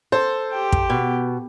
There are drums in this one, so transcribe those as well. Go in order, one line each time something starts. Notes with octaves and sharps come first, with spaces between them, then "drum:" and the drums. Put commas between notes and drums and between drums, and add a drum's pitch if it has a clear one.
A4 C5
G4 G5
drum: kick
B2